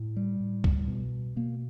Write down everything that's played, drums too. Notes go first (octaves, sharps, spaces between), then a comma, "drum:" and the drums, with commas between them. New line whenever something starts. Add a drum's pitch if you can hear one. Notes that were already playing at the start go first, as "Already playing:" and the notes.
Already playing: A2
G3
A2
drum: kick C2
B2
B2 A#3